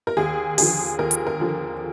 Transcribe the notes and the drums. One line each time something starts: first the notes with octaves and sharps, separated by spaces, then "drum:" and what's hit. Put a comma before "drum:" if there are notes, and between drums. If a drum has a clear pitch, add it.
A#4
D#2 G#4
D3 F3 G#4, drum: open hi-hat
D#2 A#4
drum: hi-hat
A#4
D3 F3